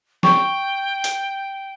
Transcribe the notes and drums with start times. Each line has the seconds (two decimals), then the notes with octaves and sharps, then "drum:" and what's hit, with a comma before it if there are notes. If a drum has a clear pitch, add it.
0.23 G5 C#6, drum: snare
1.04 drum: hi-hat